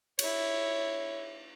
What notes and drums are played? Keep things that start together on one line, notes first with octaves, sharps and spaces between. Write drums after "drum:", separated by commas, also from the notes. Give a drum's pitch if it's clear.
E4 C#5, drum: cymbal